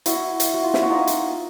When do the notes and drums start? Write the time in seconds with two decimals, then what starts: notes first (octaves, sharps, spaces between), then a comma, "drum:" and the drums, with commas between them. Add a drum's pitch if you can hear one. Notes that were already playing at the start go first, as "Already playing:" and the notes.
0.06 E4 F#4, drum: hi-hat
0.40 drum: hi-hat
0.54 F#4
0.63 F4
0.74 E4, drum: snare
0.82 F#4
0.90 D#4 F4
1.07 drum: hi-hat